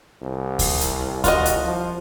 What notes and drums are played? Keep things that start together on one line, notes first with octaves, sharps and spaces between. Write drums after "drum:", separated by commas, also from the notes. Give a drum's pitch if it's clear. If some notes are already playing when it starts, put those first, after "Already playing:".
C2
drum: kick D2, open hi-hat
drum: hi-hat
F4 F#4 D#5, drum: kick D2, hi-hat
drum: hi-hat
F3